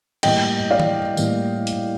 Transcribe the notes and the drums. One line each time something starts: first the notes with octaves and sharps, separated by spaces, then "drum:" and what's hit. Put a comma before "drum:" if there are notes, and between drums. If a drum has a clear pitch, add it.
A2 G3 A#3 D#5 G5, drum: cymbal
D5 F5
drum: tom
A2 G3 A#3, drum: tambourine
drum: hi-hat